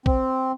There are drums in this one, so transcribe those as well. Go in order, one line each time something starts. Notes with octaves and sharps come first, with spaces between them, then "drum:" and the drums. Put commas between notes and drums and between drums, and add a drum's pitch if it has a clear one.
C4, drum: kick